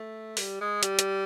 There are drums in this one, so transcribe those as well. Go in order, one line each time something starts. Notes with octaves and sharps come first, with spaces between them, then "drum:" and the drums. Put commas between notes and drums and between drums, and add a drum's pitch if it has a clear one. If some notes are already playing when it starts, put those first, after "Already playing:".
Already playing: A3
G3, drum: open hi-hat
G#3
G3, drum: hi-hat
drum: hi-hat